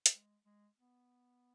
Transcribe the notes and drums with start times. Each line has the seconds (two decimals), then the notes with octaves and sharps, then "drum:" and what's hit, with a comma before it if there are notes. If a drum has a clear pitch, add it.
0.06 drum: hi-hat
0.15 G#3
0.46 G#3
0.78 B3